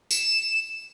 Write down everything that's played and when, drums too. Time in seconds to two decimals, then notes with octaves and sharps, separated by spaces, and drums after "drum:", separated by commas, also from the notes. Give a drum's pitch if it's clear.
0.11 E7, drum: tambourine